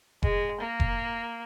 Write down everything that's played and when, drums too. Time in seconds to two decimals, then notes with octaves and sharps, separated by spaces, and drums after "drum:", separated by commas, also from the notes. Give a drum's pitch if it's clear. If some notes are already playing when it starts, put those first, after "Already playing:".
0.23 G#3, drum: kick F1
0.61 A#3
0.80 drum: kick F1